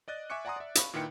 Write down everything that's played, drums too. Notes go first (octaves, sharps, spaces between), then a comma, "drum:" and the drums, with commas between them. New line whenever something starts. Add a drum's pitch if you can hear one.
D5 D#5 F#6 A6
E5 G#5 C#6 D6 F#6 C#7
D5 F#5 G#5 A#5 C6 D#6
D5 E5
F5 B5 C#6, drum: hi-hat
A#2 D#3 E4 B4 G5 C#7